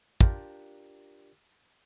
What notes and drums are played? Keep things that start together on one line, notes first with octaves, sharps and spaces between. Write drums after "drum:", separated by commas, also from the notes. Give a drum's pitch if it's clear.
D4 F4 G4 A#4 D5, drum: kick